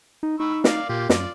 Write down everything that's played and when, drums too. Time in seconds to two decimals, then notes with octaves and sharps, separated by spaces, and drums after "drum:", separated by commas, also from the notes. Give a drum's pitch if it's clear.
0.23 D#4
0.40 D#4 B5 C#6 E6
0.64 D5 F5, drum: snare
0.89 A#2 A#3 F4 G4
1.09 F#2 F4 D5, drum: snare